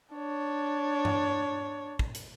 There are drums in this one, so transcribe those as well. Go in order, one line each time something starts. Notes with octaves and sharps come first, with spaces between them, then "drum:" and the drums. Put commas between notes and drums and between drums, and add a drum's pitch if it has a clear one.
D4 C#5
drum: tom G2
drum: kick
drum: hi-hat